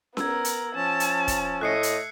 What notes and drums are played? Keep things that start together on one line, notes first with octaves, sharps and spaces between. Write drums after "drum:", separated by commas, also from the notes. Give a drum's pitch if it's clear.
B3 A#4 E6 G#6, drum: snare C#4
drum: hi-hat
F3 C#4 A5
drum: hi-hat
drum: kick, hi-hat
A2 A3 D#5 F#6 C7 C#7
drum: hi-hat